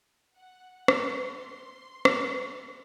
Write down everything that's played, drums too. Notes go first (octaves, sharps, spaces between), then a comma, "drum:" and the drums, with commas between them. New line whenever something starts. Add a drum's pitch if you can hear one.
F#5
drum: rim click
C6
drum: rim click